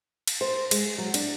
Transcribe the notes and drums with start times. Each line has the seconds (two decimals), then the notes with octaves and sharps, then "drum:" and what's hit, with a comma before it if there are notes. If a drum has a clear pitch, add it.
0.27 drum: cymbal
0.41 C5
0.71 G#3, drum: cymbal
0.98 F#3
1.14 D4, drum: cymbal